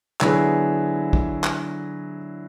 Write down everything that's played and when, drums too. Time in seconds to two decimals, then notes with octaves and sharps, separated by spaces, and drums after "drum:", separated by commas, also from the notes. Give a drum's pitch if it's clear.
0.21 D3 F#3 B3 E4 G#4, drum: clap
1.13 drum: kick
1.44 drum: clap